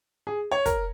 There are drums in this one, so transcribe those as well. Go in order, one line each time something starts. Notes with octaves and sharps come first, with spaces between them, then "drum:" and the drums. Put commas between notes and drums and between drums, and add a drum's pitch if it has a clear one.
G#4
C#5
A#4, drum: kick, hi-hat